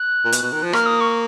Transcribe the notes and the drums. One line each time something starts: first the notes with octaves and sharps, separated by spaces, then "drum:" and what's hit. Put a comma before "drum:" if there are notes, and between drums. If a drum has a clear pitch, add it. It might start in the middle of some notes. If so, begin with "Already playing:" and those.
Already playing: F#6
A#2
B2, drum: hi-hat
B2
D#3
F3
A#3 F6, drum: rim click
D#6
C#6